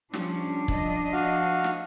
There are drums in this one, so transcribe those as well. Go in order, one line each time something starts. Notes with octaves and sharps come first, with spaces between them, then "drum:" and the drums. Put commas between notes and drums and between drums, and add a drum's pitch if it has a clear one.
F3 G3 C#4 D4, drum: snare
F3 D#5, drum: kick
F#4 F5
drum: snare